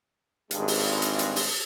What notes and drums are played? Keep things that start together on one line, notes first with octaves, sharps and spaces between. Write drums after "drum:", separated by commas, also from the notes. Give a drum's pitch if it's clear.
G#1 G2 G#3, drum: hi-hat
drum: open hi-hat
drum: hi-hat
drum: hi-hat
drum: open hi-hat